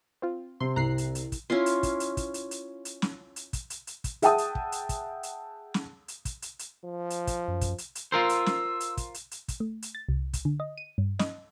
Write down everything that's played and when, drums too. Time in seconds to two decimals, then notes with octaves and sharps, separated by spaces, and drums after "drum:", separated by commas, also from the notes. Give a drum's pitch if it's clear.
0.22 C4 F4
0.60 C3 C6
0.76 C2 A#5 F#6 C7
0.98 drum: hi-hat
1.15 drum: hi-hat
1.32 drum: kick, hi-hat
1.50 C#4 E4 F4 C6
1.66 drum: hi-hat
1.83 drum: kick, hi-hat
2.00 drum: hi-hat
2.17 drum: kick, hi-hat
2.34 drum: hi-hat
2.51 drum: hi-hat
2.85 drum: hi-hat
3.02 drum: snare
3.36 drum: hi-hat
3.53 drum: kick, hi-hat
3.70 drum: hi-hat
3.87 drum: hi-hat
4.04 drum: kick, hi-hat
4.22 G#4 E5 F#5 G5 A5 D#6, drum: hi-hat
4.38 drum: hi-hat
4.55 drum: kick
4.72 drum: hi-hat
4.89 drum: kick, hi-hat
5.23 drum: hi-hat
5.74 drum: snare
6.08 drum: hi-hat
6.25 drum: kick, hi-hat
6.42 drum: hi-hat
6.59 drum: hi-hat
6.85 F3
7.10 drum: hi-hat
7.27 drum: kick, hi-hat
7.48 F#2
7.61 drum: kick, hi-hat
7.78 drum: hi-hat
7.95 drum: hi-hat
8.12 F4 A#4 C5 E6
8.29 drum: hi-hat
8.46 drum: snare
8.80 drum: hi-hat
8.97 drum: kick, hi-hat
9.14 drum: hi-hat
9.31 drum: hi-hat
9.48 drum: kick, hi-hat
9.60 A3
9.82 drum: hi-hat
9.95 A6
10.09 C2
10.33 drum: kick, hi-hat
10.45 D3
10.60 D#5
10.78 D#7
10.98 G2
11.19 D#5, drum: snare